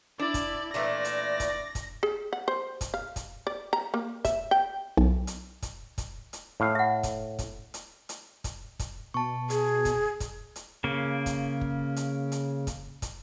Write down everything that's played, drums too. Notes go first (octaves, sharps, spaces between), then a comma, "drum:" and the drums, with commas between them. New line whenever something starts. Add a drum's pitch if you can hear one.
D4 E4 D5
drum: kick, hi-hat
A#2 E3 A3 D5 A#6
drum: hi-hat
drum: kick, hi-hat
drum: kick, hi-hat
G#4
F#5
C5
drum: kick, hi-hat
F5
drum: kick, hi-hat
D5
A#5
A#3
E5, drum: kick, hi-hat
G5
B1
drum: hi-hat
drum: kick, hi-hat
drum: kick, hi-hat
drum: hi-hat
A2 F5
E5 F#5
drum: kick, hi-hat
drum: kick, hi-hat
drum: hi-hat
drum: hi-hat
drum: kick, hi-hat
drum: kick, hi-hat
B2 A5 C#6
G#4, drum: hi-hat
drum: kick, hi-hat
drum: kick, hi-hat
drum: hi-hat
C#3 A#3
drum: kick, hi-hat
drum: kick
drum: hi-hat
drum: hi-hat
drum: kick, hi-hat
drum: kick, hi-hat